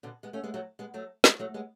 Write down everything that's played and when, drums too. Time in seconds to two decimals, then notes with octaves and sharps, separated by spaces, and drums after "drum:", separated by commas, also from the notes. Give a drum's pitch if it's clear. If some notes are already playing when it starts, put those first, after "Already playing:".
0.03 B2 D3
0.23 G#3 B3
0.33 A3 C#4
0.44 G#3 B3
0.54 F#3 A3
0.79 G#3 B3
0.94 F#3 A3
1.24 F3 G#3, drum: snare
1.39 F#3 A3
1.54 G#3 B3